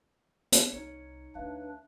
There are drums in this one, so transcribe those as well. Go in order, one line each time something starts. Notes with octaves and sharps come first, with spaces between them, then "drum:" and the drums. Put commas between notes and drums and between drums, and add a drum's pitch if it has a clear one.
drum: hi-hat
C2 D#4 C#5 C#7
D2 A3 D4 B4 E5 F5